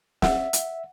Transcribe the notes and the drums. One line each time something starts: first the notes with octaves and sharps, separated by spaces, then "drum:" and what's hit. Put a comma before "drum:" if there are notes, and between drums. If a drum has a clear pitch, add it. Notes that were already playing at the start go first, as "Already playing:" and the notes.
E5 F#5, drum: snare
drum: hi-hat